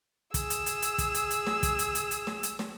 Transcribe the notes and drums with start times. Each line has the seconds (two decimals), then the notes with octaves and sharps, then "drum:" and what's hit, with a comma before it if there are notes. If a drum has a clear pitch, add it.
0.34 G#4 E6, drum: kick, hi-hat
0.50 drum: hi-hat
0.66 drum: hi-hat
0.82 drum: hi-hat
0.98 drum: kick, hi-hat
1.14 drum: hi-hat
1.31 drum: hi-hat
1.47 drum: snare
1.63 drum: kick, hi-hat
1.79 drum: hi-hat
1.95 drum: hi-hat
2.11 drum: hi-hat
2.27 drum: snare
2.43 drum: hi-hat
2.59 drum: snare